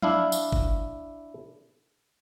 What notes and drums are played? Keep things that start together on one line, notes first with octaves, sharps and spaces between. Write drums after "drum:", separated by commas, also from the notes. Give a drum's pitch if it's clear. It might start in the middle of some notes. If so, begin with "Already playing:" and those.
D4 E4 F5, drum: tom F3
drum: tambourine
drum: kick G1